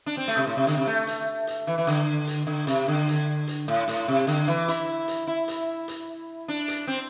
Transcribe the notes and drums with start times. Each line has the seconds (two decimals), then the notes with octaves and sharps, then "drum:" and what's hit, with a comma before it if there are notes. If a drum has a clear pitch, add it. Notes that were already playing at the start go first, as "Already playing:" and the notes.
0.06 D4
0.17 C4
0.28 A3, drum: hi-hat
0.37 C3
0.47 A2
0.57 C3
0.67 D3, drum: hi-hat
0.77 C3
0.87 A3
1.07 drum: hi-hat
1.47 drum: hi-hat
1.67 E3
1.78 E3
1.87 D3, drum: hi-hat
2.27 drum: hi-hat
2.47 D3
2.67 C3, drum: hi-hat
2.88 D3
3.07 drum: hi-hat
3.48 drum: hi-hat
3.68 A2
3.88 A2, drum: hi-hat
4.08 C3
4.27 D3, drum: hi-hat
4.48 E3
4.68 E4, drum: hi-hat
5.08 drum: hi-hat
5.27 E4
5.48 drum: hi-hat
5.88 drum: hi-hat
6.48 D4
6.68 drum: hi-hat
6.87 C4